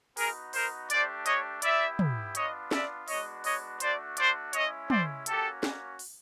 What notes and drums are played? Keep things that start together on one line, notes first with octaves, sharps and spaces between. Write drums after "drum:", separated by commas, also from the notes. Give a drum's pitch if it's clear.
B3 D#4 F#4 G#4 A#4, drum: open hi-hat
A#4 C5, drum: open hi-hat
A3 D4 G4 C5 D5, drum: hi-hat
C#5 D#5, drum: hi-hat
B3 E4 G4 D5 E5, drum: hi-hat
drum: tom
B3 D4 F4 C#5 D#5, drum: hi-hat
D5 E5, drum: snare
G#3 B3 D4 F#4 C#5 D#5, drum: open hi-hat
C#5 D#5, drum: open hi-hat
A3 D4 F#4 C5 D5, drum: hi-hat
C5 D5, drum: hi-hat
G#3 C#4 E4 C#5 D#5, drum: hi-hat
C5 D5, drum: tom
A#3 C#4 F#4 G4 A4, drum: hi-hat
drum: snare
drum: open hi-hat